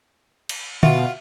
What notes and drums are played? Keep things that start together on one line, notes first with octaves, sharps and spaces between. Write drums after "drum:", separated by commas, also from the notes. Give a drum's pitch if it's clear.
drum: cymbal
B2 F4 F#4 E5, drum: tom D3